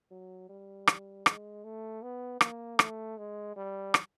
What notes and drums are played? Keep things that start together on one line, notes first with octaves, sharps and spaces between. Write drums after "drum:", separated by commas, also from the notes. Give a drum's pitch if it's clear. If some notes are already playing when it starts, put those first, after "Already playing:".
F#3
G3
drum: rim click
G#3, drum: rim click
A3
B3
A#3, drum: rim click
A3, drum: rim click
G#3
G3
drum: rim click